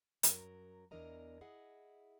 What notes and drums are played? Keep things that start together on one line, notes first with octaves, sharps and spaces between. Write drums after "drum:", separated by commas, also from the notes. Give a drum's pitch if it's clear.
F#2 F#3 A#4 A#5, drum: hi-hat
E2 E3 D4 A#4 D#5 A#5
E4 G#4 D#5 F#5